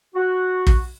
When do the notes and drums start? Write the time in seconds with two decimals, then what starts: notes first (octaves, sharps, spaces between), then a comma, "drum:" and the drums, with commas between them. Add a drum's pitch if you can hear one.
0.15 F#4
0.67 drum: kick